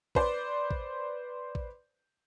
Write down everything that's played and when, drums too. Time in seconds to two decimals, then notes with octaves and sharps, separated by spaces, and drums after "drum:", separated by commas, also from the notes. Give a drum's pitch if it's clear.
0.15 B4 C5 D5, drum: kick A1
0.71 drum: kick A1
1.55 drum: kick A1